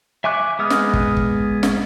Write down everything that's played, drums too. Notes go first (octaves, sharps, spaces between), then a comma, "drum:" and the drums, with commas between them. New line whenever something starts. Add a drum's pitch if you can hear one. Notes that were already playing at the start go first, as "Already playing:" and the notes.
E5 G#5 C#6 D6 F#6
G#3 B3 D#6 F6
drum: snare
drum: kick
drum: kick
drum: snare